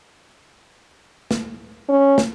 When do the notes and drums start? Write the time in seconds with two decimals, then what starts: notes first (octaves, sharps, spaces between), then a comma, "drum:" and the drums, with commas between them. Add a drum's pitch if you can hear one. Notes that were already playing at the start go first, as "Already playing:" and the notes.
1.31 drum: snare
1.89 C#4
2.18 drum: snare